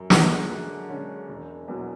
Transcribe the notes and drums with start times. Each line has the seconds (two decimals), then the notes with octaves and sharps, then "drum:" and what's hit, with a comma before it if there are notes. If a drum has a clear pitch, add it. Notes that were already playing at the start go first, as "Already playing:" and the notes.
Already playing: F#2
0.10 D3 G#3 C#4, drum: snare
0.49 F#2
0.89 D3 G#3 C#4
1.29 E1
1.68 E2 B2 F#3